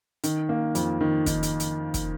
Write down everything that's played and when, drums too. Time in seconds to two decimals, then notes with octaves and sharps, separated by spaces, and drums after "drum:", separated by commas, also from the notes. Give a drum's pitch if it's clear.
0.24 D#3, drum: hi-hat
0.49 A#3
0.75 F2, drum: hi-hat
1.01 D#3
1.26 D#3, drum: kick, hi-hat
1.43 drum: hi-hat
1.60 drum: hi-hat
1.94 drum: kick, hi-hat